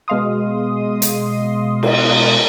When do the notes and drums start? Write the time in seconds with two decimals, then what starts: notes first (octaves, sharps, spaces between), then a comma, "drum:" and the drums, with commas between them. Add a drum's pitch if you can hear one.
0.08 B2 G#3 D#5 F5 C6 D#6
1.02 drum: hi-hat
1.83 drum: cymbal